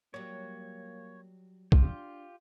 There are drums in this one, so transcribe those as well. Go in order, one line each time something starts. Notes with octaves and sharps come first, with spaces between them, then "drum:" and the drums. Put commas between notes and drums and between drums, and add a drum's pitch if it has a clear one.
F#3 G3 A#3 C#5
D4 F4 G4, drum: kick